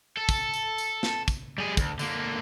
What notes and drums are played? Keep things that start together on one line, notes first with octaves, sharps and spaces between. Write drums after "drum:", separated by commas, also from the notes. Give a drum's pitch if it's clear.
A4
drum: kick, tambourine
drum: tambourine
drum: tambourine
drum: snare
drum: kick, tambourine
G3 G#4
D2, drum: kick, tambourine
D3 A#3, drum: tambourine